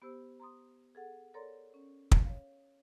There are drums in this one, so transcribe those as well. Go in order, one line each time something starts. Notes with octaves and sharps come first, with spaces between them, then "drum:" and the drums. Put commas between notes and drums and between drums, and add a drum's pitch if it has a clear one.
B3 G4 C5 E6
A#5 C6 D#6
G#4 A4 F#5
A4 A#4 C#5 D5 A#5 C6
C#4
drum: kick
C#5 F5